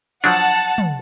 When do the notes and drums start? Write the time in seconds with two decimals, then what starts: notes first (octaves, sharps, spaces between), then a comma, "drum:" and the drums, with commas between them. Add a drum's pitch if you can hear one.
0.24 F3 F#3 D4 F#5 A5
0.78 drum: tom